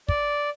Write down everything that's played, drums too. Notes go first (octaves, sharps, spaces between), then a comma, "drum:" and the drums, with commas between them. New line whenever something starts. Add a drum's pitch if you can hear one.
D5, drum: kick